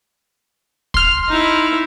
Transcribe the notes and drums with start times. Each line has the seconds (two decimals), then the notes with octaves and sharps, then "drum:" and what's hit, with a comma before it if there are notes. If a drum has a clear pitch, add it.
0.94 C6 F6, drum: kick
1.29 D#4 E4